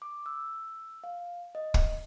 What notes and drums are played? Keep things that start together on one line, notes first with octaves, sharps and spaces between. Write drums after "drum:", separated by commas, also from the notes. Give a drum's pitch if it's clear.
D6
E6
F5
D#5
drum: kick